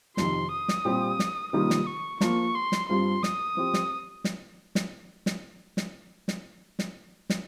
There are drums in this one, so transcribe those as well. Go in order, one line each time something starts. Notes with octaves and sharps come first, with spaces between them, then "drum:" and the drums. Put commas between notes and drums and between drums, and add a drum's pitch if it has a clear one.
F2 C3 D#3 C6, drum: snare
D#6
drum: snare
A#2 G3 C4 G4
drum: snare
C3 D#3 G3 A#3 F4 D#6
drum: snare
C#6
F3 A#3 F4 C#6, drum: snare
C6
drum: snare
G2 G3 C4 F4 C6
D#6, drum: snare
F3 C4 G4
drum: snare
drum: snare
drum: snare
drum: snare
drum: snare
drum: snare
drum: snare
drum: snare